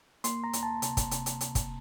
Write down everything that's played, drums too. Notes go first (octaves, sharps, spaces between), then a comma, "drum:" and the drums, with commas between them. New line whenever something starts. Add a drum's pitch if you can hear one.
A#3 C6, drum: hi-hat
A#5
D2, drum: hi-hat
A5
C3, drum: hi-hat
drum: kick, hi-hat
C3, drum: hi-hat
drum: hi-hat
drum: hi-hat
drum: kick, hi-hat